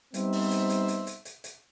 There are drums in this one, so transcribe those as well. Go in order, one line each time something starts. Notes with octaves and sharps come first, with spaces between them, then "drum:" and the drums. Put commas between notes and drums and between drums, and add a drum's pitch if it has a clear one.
G3 B3 C4 D#4 C5 E5, drum: hi-hat
drum: open hi-hat
drum: hi-hat
drum: hi-hat
drum: hi-hat
drum: hi-hat
drum: hi-hat
drum: hi-hat